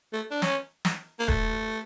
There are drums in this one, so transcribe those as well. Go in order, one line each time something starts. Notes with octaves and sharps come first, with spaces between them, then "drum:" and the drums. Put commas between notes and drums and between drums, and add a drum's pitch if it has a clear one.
A3
D4
C#4, drum: snare
drum: snare
A#3
A3, drum: kick D#1